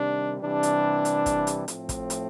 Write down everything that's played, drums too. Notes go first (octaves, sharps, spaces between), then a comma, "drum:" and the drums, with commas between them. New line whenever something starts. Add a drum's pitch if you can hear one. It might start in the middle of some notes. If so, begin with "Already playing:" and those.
Already playing: C3 D#3 G3 D4
C3 E3 G3 D4
drum: hi-hat
drum: hi-hat
drum: kick, hi-hat
drum: hi-hat
A2 F3 A3 C4, drum: hi-hat
drum: kick, hi-hat
drum: hi-hat